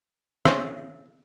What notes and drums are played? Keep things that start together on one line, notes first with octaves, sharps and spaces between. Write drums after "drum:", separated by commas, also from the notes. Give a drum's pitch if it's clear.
C#4 C5, drum: rim click